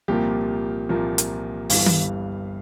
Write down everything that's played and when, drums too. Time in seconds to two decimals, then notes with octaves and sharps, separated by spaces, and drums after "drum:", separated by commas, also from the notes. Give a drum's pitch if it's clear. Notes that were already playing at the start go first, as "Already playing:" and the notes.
0.08 C2 A#2 F3 A#3 G4
0.89 C2 A#2 F3 A#3
1.18 drum: hi-hat
1.70 G1 G2 E3 F5, drum: open hi-hat
1.86 drum: tom D#3